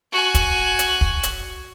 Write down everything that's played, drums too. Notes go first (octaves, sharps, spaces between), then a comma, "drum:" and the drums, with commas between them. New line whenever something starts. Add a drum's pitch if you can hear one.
F#4 G#5
drum: kick, hi-hat
drum: hi-hat
drum: kick
drum: hi-hat